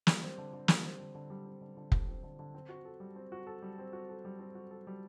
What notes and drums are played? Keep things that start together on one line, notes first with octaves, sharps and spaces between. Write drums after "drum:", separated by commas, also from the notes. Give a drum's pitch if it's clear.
G3, drum: snare
C4
D3
D3
G3, drum: snare
C4
D3
D3
G3
C4
D3
D3
G3, drum: kick F1
C4
D3
D3
C4
F#4
A4
G3
C4
F#4
A4
G3
C4
F#4
A4
G3
C4
F#4
A4
G3